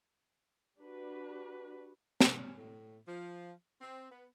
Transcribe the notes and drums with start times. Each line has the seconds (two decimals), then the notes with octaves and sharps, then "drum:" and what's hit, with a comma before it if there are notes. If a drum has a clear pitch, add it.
0.80 D4 F#4 G4 B4
2.21 C#4, drum: snare
2.57 A2
3.07 F3
3.81 C4
4.11 B3